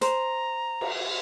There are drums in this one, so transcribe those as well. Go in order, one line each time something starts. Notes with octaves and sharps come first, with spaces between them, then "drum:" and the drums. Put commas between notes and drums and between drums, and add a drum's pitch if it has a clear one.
C5 A#5, drum: hi-hat
drum: cymbal